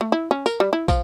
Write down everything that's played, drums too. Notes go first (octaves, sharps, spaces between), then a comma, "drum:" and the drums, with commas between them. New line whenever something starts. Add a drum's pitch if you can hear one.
A3
E4
C#4
A#4, drum: tambourine
G3
E4
F3, drum: kick, tambourine